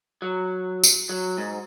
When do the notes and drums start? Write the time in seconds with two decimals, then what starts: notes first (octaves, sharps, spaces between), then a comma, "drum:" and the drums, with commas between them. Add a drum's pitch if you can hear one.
0.22 F#3
0.84 drum: tambourine
1.09 F#3
1.38 G#2